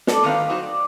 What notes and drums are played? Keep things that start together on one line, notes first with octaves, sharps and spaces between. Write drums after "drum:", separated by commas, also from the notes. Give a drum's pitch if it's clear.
A4 D5, drum: snare
G2 D#3 C4 D#4 B4 F5
F#3 D#4 F#4 C5
D5